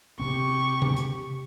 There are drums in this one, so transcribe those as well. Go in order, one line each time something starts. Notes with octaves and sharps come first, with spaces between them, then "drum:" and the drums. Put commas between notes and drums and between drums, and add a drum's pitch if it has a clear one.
C3 C4 G4 C#6
drum: tom C3
drum: hi-hat